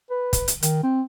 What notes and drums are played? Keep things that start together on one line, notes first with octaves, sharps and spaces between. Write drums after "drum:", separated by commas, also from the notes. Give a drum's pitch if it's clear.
B4
drum: kick, hi-hat
drum: hi-hat
D#3, drum: hi-hat
C4